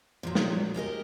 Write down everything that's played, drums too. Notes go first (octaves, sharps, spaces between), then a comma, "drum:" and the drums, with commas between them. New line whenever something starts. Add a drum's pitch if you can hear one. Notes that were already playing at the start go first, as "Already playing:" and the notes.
A#2 F3 F#3
drum: snare
G4 G#4 A#4 D#5